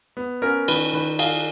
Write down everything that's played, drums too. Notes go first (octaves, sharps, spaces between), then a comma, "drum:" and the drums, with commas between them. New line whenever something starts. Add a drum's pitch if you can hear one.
B3
C#4 A#4
D#3 B4, drum: cymbal
D#3 B4
G#4 F5, drum: cymbal